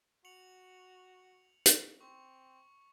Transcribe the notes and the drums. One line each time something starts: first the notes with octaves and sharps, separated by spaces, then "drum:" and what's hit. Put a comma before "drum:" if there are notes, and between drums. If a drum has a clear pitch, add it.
F#4 C#7 F7 F#7
drum: hi-hat
C4 C#6